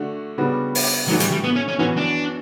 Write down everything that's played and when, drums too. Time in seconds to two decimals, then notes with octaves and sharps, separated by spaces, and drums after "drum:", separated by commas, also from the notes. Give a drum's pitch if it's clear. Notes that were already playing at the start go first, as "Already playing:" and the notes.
Already playing: D3 A3 D4 F#4
0.38 C#3 G3 B3 D4 F#4
0.75 drum: open hi-hat
1.08 A2 E3 F#3 A3 D4 F#4
1.20 G3, drum: hi-hat
1.31 G3
1.44 B3
1.56 C#4
1.68 C#4
1.79 F#2 E3 B3 C#4 F#4
1.97 D4